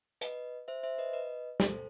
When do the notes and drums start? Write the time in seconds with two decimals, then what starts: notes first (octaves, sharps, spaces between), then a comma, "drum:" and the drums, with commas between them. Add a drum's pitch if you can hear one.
0.21 B4 D#5, drum: hi-hat
0.68 C5 E5
0.83 C5 E5
0.98 B4 D#5
1.13 B4 D#5
1.60 A4 C5, drum: snare